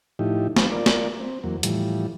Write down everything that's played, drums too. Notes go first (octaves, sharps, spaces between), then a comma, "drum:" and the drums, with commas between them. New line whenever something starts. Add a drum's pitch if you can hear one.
A2 F3 D#4 E4 G4
F3 G3 C4 D#4 B4, drum: snare
F4 A#4 D5
drum: snare
C4
E2 F#3 A#3
A2 E3 F3 G3, drum: hi-hat